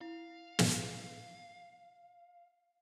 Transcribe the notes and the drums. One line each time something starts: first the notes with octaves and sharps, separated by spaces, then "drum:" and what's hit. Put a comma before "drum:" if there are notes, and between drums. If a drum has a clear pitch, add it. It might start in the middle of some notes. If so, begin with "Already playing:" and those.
E4 F5
drum: snare